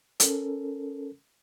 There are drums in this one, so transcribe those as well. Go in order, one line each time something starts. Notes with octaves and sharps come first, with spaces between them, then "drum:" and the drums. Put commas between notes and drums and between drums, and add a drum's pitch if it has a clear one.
C#4 A4 A#4, drum: hi-hat